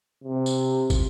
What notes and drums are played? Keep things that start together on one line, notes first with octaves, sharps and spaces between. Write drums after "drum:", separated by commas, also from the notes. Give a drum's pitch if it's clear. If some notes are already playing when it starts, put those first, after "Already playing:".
C3
drum: tambourine
drum: kick, tambourine